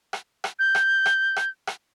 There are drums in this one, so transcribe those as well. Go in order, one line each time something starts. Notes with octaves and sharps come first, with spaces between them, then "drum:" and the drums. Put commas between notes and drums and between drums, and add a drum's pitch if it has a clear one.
drum: rim click
drum: rim click
G6
drum: rim click
drum: rim click
drum: rim click
drum: rim click